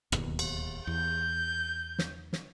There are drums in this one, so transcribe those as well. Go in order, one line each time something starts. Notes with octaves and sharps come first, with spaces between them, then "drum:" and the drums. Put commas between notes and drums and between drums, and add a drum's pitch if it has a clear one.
D1 D#2 B2, drum: rim click
drum: cymbal
E2 G6
drum: snare
drum: snare